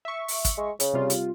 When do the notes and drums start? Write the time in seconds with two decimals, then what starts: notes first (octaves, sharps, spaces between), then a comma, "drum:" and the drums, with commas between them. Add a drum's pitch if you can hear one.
0.05 E5 C#6
0.28 drum: open hi-hat
0.45 drum: kick, hi-hat
0.57 G#3
0.80 C#3, drum: hi-hat
0.94 C3 G3 F4
1.10 drum: hi-hat